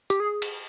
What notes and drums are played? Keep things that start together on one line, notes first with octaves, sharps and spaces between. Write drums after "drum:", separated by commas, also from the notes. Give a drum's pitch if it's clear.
G4, drum: hi-hat
G#4
drum: cymbal